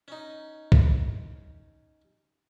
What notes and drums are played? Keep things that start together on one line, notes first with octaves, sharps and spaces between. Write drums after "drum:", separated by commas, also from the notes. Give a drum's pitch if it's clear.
C#4 D#4
drum: kick